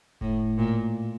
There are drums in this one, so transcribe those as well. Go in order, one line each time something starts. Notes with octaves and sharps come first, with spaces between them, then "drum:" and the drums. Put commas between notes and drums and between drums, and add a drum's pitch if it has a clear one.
A2, drum: kick F#1
A#2